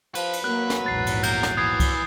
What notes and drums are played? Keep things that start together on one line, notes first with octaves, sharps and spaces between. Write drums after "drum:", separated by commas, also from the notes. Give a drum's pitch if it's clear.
F3 B4, drum: cymbal
drum: cymbal
F#3 A#3 F#6
drum: snare
A#1 E2 G#2 A6 C7
drum: cymbal
A#4 G6, drum: cymbal
drum: snare
E3 F#3 D#6 G#6 C7
drum: kick C2, cymbal